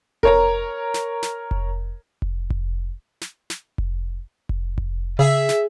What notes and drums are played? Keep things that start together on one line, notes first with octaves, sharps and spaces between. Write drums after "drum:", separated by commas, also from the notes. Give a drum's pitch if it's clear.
A#4 C#5 A#5, drum: kick F1
drum: snare
drum: snare
drum: kick F1
drum: kick F1
drum: kick F1
drum: snare
drum: snare
drum: kick F1
drum: kick F1
drum: kick F1
C#3 G#4 E5
drum: snare